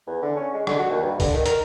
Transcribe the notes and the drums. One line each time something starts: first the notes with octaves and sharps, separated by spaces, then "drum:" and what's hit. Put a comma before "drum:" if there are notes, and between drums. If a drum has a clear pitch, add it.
E2
D3
C#4
G#3
D3, drum: rim click
F#4
D#2
G2
D3, drum: kick B1, open hi-hat
D#3
A#4, drum: hi-hat